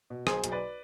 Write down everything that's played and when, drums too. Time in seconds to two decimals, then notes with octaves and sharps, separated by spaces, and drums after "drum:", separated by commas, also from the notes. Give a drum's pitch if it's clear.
0.10 B2
0.27 B1 G#4 C5, drum: rim click
0.44 B1, drum: hi-hat
0.52 B4 D5